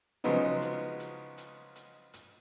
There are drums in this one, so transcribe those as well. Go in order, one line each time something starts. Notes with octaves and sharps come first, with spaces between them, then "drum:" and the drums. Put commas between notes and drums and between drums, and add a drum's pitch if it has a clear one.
C#3 F3 F#3 G#3 B3 D#4, drum: hi-hat
drum: hi-hat
drum: hi-hat
drum: hi-hat
drum: hi-hat
drum: hi-hat